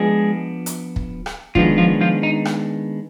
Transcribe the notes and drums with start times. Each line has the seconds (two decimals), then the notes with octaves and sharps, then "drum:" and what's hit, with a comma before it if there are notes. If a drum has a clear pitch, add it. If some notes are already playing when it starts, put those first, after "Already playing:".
Already playing: F3 G#3 B3 D4 G#4
0.66 drum: hi-hat
0.96 drum: kick
1.26 drum: rim click
1.55 D#3 F3 G#3 B3 D4 F4, drum: kick
1.78 F3 F4
2.01 F3 F4
2.23 D#4
2.45 drum: rim click